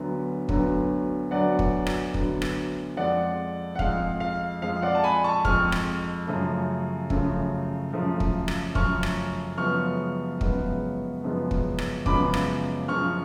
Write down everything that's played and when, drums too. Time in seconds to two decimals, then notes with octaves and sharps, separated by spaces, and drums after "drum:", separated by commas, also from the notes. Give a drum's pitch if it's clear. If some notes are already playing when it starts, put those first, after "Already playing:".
Already playing: D2 D3 F#3 B3
0.49 D2 D3 F#3 B3, drum: kick
1.31 D2 D3 F#3 B3 D5 F#5
1.59 drum: kick
1.87 drum: rim click
2.14 D2 D3 F#3 B3, drum: kick
2.42 drum: rim click
2.96 F2 F3 G#3 D5 F#5
3.76 F#5
3.79 F2 F3 G#3 F5, drum: kick
4.20 F5
4.62 F2 F3 G#3 F5
4.82 D5 F#5
4.95 A5
5.04 G#5 B5
5.24 A5 C#6
5.45 F2 F3 G#3 C#6 F6, drum: kick
5.72 drum: rim click
6.27 F#2 C#3 F3 A3
7.10 F#2 C#3 F3 A3, drum: kick
7.92 F#2 C#3 F3 A3
8.20 drum: kick
8.48 drum: rim click
8.75 F#2 C#3 F3 A3 C#6 F6, drum: kick
9.03 drum: rim click
9.58 F#2 C#3 F3 G#3 B3 C#6 F6
10.41 F#2 C#3 F3 G#3 B3, drum: kick
11.24 F#2 C#3 F3 G#3 B3
11.51 drum: kick
11.78 drum: rim click
12.06 F#2 C#3 F3 G#3 B3 B5 D6, drum: kick
12.34 drum: rim click
12.88 F#2 C#3 F3 C#6 F6